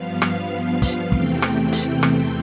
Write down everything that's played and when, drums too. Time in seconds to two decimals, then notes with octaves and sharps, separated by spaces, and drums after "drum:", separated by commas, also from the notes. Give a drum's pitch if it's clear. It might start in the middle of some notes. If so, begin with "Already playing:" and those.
Already playing: G2 F3 B3 F5
0.22 drum: rim click
0.82 drum: kick, hi-hat
1.12 E2 C3 E3 A3 C4 G5, drum: kick
1.42 drum: rim click
1.72 drum: hi-hat
2.03 drum: rim click